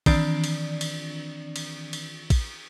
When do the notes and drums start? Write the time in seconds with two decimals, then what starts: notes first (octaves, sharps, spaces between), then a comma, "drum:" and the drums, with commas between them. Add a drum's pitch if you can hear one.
0.06 D#3 E3 C4 D4 D5, drum: kick, cymbal
0.44 drum: cymbal
0.81 drum: cymbal
1.56 drum: cymbal
1.93 drum: cymbal
2.30 drum: kick, cymbal